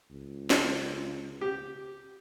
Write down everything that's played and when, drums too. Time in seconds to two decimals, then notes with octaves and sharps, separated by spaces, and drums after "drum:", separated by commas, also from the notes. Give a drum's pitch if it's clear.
0.11 C#2
0.50 drum: snare
1.41 G4